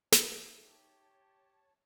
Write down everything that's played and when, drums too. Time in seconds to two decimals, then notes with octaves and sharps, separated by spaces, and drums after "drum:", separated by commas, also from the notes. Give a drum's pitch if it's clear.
0.12 D#4 C#5 E5 G#5 A#5, drum: snare
0.65 G4 C#5 A5